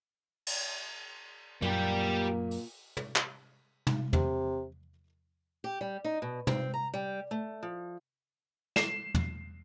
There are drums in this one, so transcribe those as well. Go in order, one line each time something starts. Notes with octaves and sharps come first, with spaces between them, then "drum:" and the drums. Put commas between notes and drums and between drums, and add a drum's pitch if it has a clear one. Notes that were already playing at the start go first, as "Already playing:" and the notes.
drum: cymbal
F#2 A#2 G3 A#3 G4
drum: open hi-hat
drum: tom
drum: clap
drum: tom
C3, drum: tom
G4
G3
D#4
B2
C4, drum: tom
A#5
G3
A3
F3
C7 E7, drum: snare
drum: tom